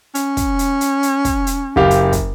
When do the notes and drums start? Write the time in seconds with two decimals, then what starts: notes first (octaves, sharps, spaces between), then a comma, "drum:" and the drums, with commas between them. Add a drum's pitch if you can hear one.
0.15 C#4, drum: hi-hat
0.37 drum: kick, hi-hat
0.59 drum: hi-hat
0.81 drum: hi-hat
1.03 drum: hi-hat
1.25 drum: kick, hi-hat
1.47 drum: hi-hat
1.76 F#1 G4 F5
1.91 drum: hi-hat
2.12 drum: kick, hi-hat